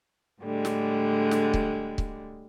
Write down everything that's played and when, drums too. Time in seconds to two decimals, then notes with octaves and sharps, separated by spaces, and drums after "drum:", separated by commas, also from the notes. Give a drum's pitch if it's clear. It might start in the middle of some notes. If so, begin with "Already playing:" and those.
0.42 A2 D3 G3 G#3
0.65 drum: snare
1.31 drum: snare
1.54 drum: kick C#1
1.98 drum: kick C#1